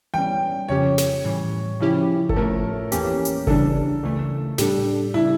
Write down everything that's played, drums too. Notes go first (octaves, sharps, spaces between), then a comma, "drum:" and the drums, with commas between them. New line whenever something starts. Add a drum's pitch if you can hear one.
E3 G3 C#4 G5
F2 C#3 F3 C#4 G4 C#5
drum: snare
A2 E3 G3
C#3 F3 C#4 E4 G4
A4, drum: kick G1
A2 F3 A3 A#4
E2 E3 A#3 C#4 G4, drum: hi-hat
drum: hi-hat
C#3 E3 G3 D4 A4, drum: kick G1
C#2 C#3 E3 A3
A2 G3 D4 G4 A4, drum: snare
C#3 G3 D4 E4